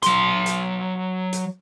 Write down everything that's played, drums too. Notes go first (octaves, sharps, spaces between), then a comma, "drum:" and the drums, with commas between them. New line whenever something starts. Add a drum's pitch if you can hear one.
F#3 C6, drum: hi-hat
drum: hi-hat
drum: hi-hat